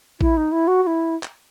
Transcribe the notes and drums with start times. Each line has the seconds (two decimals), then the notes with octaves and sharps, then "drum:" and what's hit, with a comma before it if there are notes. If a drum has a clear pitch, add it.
0.21 E4, drum: kick A1
0.37 D#4
0.52 E4
0.68 F#4
0.83 F#4
0.87 E4
1.23 drum: clap